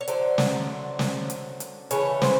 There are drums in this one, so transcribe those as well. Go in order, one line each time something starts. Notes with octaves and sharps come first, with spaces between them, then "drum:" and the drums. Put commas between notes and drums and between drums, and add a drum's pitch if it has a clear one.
C#5
D3 F#3 A3 C5, drum: hi-hat
drum: snare
drum: snare
drum: hi-hat
drum: hi-hat
C#3 E3 A3 C#5, drum: hi-hat
C5, drum: snare